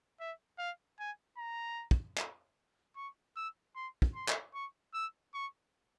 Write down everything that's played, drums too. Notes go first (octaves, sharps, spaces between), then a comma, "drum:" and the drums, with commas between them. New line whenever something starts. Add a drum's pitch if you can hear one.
E5
F5
G#5
A#5
drum: kick
drum: clap
C#6
E6
C6
drum: kick
C6
drum: clap
C#6
E6
C#6